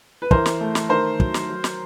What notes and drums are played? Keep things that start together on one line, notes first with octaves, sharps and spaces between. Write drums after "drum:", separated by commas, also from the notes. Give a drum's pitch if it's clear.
B4
E3 A#4 C5, drum: kick
drum: snare
A3
drum: snare
D#3 A#4 C5
F#3, drum: kick
drum: snare
F#3
drum: snare